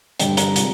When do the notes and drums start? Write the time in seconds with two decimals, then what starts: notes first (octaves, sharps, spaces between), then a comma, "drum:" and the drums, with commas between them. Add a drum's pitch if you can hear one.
0.20 G2 D3 G3 G5, drum: hi-hat
0.37 A#5, drum: hi-hat
0.56 C3 F3 G#3, drum: hi-hat